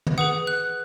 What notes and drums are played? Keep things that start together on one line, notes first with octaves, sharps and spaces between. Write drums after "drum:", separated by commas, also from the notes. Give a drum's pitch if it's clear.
drum: tom
G#4 B4 F#5 D#6
F#6